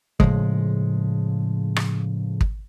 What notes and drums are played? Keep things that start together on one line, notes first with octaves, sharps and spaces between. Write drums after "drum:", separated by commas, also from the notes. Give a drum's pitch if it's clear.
A2 C#3 F3 G#3, drum: kick
drum: rim click
drum: kick